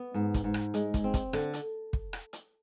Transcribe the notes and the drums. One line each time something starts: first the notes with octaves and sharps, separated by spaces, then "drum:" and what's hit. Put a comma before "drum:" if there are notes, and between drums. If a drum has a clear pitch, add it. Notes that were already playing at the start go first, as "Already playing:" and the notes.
Already playing: B3
G#2
drum: kick, hi-hat
G#2
drum: rim click
G#3, drum: hi-hat
drum: kick, hi-hat
C4
drum: kick, hi-hat
D3, drum: rim click
drum: hi-hat
drum: kick
drum: rim click
drum: hi-hat